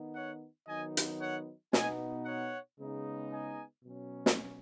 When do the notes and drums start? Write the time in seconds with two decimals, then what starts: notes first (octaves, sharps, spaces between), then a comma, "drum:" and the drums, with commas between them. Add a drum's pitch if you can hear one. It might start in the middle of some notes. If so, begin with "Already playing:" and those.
Already playing: D#3 B3 D#4
0.15 C#5 F#5
0.68 D#3 F#3 B3 D#4 D#5 G#5
0.97 drum: hi-hat
1.21 C#5 F#5
1.73 B2 B3 D#4 D#5 G#5, drum: snare
2.26 C#5 F#5
2.79 C#3 G#3 B3 D#4
3.32 D#5 G#5
3.84 B2 F#3 C#4
4.26 drum: snare